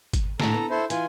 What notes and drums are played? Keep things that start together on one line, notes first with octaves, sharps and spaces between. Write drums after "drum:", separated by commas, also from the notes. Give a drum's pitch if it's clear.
drum: kick, hi-hat
D2 A2 A4 A#5, drum: snare
B3
E4 A4 C5
E3 F4 G#5, drum: hi-hat